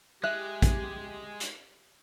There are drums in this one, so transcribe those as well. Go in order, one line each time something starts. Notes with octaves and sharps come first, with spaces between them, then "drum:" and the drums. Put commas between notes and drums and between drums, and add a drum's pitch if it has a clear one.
G#3 G4 E5 F#6
drum: kick, hi-hat
drum: hi-hat